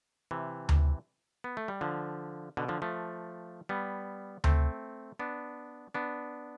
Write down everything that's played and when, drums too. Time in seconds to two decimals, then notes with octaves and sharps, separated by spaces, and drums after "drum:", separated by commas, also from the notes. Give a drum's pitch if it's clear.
0.31 C3 E3
0.69 drum: tom D2
1.44 B3
1.57 A3
1.68 G3
1.81 D3 F3
2.57 B2 D3
2.69 D3 F3
2.82 F3 A3
3.69 G3 B3
4.44 A3 C4, drum: tom D2
5.19 B3 D4
5.94 B3 D4